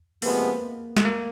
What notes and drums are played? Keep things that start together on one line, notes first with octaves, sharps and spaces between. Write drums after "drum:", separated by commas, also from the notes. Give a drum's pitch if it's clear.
C3 F3 G#3 A#3 B3, drum: open hi-hat
A3, drum: snare
A#3